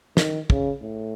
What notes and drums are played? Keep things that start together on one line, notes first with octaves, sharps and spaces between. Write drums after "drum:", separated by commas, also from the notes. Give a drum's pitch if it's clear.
D#3, drum: snare
C#3, drum: kick
A2